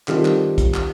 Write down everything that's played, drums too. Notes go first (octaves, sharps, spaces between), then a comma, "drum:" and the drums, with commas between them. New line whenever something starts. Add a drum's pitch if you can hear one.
D#3 G3 C4 F4 A4, drum: clap
drum: clap
drum: kick, hi-hat
drum: clap